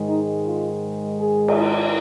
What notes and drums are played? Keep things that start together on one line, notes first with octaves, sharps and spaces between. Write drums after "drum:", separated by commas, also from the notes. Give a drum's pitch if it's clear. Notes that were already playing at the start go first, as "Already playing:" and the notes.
Already playing: G#2 D#3 G#3
D#4
F4
G#4
drum: cymbal